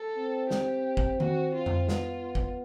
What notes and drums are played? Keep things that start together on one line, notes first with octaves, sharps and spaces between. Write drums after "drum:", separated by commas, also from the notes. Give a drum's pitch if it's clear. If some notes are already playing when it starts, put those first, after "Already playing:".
Already playing: A4
C4
G4, drum: snare
drum: kick
F#4, drum: tom D#3
F4
drum: tom F2
B3 F4, drum: snare
drum: kick